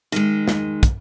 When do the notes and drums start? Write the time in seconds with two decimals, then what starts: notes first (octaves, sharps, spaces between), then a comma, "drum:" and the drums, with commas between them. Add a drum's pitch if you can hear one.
0.12 D#3 G#3, drum: hi-hat
0.48 drum: snare
0.83 drum: kick, hi-hat